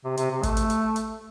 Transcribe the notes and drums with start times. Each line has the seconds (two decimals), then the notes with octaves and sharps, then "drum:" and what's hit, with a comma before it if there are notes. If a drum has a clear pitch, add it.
0.05 C3
0.17 C3, drum: hi-hat
0.31 C3
0.43 A3, drum: kick, hi-hat
0.57 drum: hi-hat
0.70 drum: hi-hat
0.96 drum: hi-hat